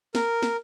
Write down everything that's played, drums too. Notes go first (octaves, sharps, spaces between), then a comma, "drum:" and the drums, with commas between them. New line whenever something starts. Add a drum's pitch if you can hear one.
A#4, drum: snare
drum: snare